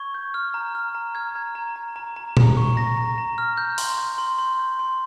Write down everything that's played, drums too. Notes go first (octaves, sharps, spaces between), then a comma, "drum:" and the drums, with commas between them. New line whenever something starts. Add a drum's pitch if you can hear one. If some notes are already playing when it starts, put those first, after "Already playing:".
Already playing: C#6 G#6
G6
F6
A#5
F6
A#5
F6 G#6
A#5
A#5
A#5
A#5
A#5
A#5, drum: tom A#2
C#6
A#5 A#6
A#5
A#5
F6
G6
C6, drum: open hi-hat
G6
C6
C6
G6
C6